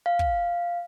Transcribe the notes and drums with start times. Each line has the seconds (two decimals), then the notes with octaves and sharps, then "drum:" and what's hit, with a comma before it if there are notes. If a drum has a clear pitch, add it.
0.06 F5
0.19 drum: kick